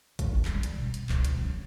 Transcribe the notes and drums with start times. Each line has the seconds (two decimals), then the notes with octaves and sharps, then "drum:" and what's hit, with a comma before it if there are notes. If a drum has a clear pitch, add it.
0.19 E2, drum: kick, hi-hat
0.45 F#3 G3, drum: clap
0.63 drum: hi-hat
0.75 B2
0.94 drum: hi-hat
1.09 C#2 C4, drum: clap
1.25 drum: hi-hat
1.36 F#3